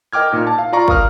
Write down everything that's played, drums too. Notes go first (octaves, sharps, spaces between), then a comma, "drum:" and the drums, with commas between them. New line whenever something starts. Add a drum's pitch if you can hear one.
A#4 D#5 G5 D6 F6 G#6
A#2 D#4 A#4
A5
F5
F4 D5 A#5 C#6
A#4 F5 D#6 F6, drum: kick